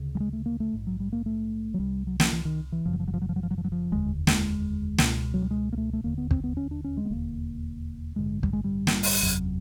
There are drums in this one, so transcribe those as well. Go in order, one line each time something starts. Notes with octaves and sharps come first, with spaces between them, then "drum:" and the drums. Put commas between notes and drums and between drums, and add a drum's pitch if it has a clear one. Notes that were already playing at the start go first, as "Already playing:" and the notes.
Already playing: D2 C#3
G3
G#3
A3
A#3
A3
A#1 G#2
F#3
G3
A#3
A3
F#3
C2 C3 G3
F#3
F3, drum: snare
E3
D#3
E3
F#1 F#2 C#3 F3
F#3
F3
F#3
F3
F#3
F3
F#3
F3
F#3
F3
F#3
F3
F1 D#2 D3 G#3
G#3, drum: snare
C#2 B2, drum: snare
F#3
G3
G#3
A#3
A3
A3
E1 D#2 D3 A#3
B3
C4, drum: kick
B3
C#4
D4
C#4
G#3
B3
E1 D#2 D3 A#3
A1 G2 D3 G#3
G3, drum: kick
G#3
G3
drum: snare
drum: open hi-hat
F#1 E2 C3 F#3